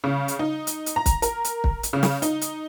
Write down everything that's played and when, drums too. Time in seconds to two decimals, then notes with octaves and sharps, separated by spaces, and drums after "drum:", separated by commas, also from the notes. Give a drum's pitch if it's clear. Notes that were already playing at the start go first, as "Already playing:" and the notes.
0.04 C#3
0.28 drum: hi-hat
0.39 D#4
0.67 drum: hi-hat
0.86 drum: hi-hat
0.96 A#5
1.06 drum: kick, hi-hat
1.22 A#4, drum: hi-hat
1.44 drum: hi-hat
1.64 drum: kick
1.83 drum: hi-hat
1.93 C#3
2.03 drum: snare
2.22 D#4, drum: hi-hat
2.41 drum: hi-hat